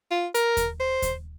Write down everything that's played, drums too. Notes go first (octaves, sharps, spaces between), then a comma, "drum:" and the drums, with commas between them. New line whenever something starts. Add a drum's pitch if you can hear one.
F4
A#4, drum: hi-hat
drum: kick D#2, hi-hat
C5
drum: kick D#2, hi-hat